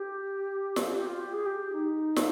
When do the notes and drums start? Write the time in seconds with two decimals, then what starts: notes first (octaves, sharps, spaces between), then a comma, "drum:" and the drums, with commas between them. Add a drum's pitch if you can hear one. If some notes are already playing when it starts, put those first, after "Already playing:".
Already playing: G4
0.76 drum: snare
0.94 G4
1.06 F4
1.20 G4
1.33 G#4
1.46 G4
1.73 D#4
2.16 drum: snare